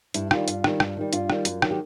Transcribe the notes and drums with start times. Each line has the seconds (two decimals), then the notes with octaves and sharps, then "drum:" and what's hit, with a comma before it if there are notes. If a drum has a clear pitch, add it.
0.14 G2 E4, drum: hi-hat
0.31 D#3 G3 F4, drum: rim click
0.48 G2, drum: hi-hat
0.64 D#3 G3, drum: rim click
0.80 G2, drum: rim click
0.97 D#3 G3
1.13 G2 F4, drum: hi-hat
1.30 D#3 G3, drum: rim click
1.45 F#2, drum: hi-hat
1.62 D#3 F#3, drum: rim click
1.71 G4